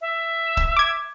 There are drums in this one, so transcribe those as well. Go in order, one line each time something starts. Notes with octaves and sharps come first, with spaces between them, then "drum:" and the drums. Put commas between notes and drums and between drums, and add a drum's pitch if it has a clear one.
E5
drum: kick C#1
D6 G#6